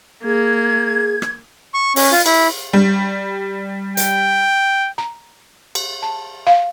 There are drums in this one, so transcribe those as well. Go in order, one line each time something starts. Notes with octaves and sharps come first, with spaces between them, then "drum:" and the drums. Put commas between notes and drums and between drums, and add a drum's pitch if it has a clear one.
A#3 G#4 G#6
drum: rim click
C#6
C#4, drum: open hi-hat
F4
E4, drum: cymbal
G3
G5, drum: hi-hat
A#5
drum: cymbal
A5
F5